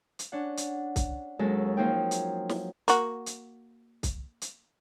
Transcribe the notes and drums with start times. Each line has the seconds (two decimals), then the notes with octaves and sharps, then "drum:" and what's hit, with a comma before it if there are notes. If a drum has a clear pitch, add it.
0.19 drum: hi-hat
0.32 C#4 D4 F#5
0.57 drum: hi-hat
0.96 drum: kick C2, hi-hat
1.39 D#2 F#3 G#3 C#4 A4 A#4
1.77 F3 F#3 A#3 D#4 G5
2.11 drum: hi-hat
2.49 drum: snare
2.88 A#3 F#4, drum: hi-hat
3.26 drum: hi-hat
4.03 drum: kick C2, hi-hat
4.42 drum: hi-hat